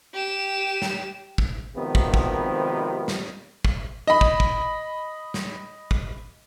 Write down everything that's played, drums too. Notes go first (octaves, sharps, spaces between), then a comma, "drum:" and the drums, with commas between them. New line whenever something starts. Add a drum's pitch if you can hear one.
G4 E7
drum: snare
drum: kick
G#1 C3 D#3 F3 B3
drum: kick
drum: kick
drum: snare
drum: kick
D#5 B5
drum: kick
drum: kick
drum: snare
drum: kick